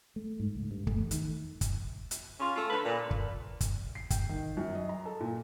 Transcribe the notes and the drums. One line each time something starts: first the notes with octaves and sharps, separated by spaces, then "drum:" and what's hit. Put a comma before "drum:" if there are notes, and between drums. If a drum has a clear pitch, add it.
A3
G#2
C#2
G2
A3, drum: kick
E2
D#3, drum: hi-hat
drum: kick, hi-hat
drum: hi-hat
C#4 F4
A3 F4
D3 B4
A#2
drum: kick
drum: kick, hi-hat
C7
G5, drum: kick, hi-hat
D#3
F#2
D#5
A#5
A4
A#2